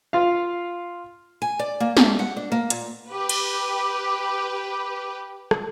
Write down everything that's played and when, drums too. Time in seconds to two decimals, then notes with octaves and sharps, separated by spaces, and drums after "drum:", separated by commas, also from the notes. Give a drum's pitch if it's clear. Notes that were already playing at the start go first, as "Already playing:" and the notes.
0.13 F4 F5
1.42 G#5
1.59 D5
1.80 A#3
1.97 A5, drum: snare
2.19 F#5
2.37 D4
2.52 A#3
2.70 A#2, drum: hi-hat
3.10 G4 B4
3.29 drum: cymbal
5.51 drum: rim click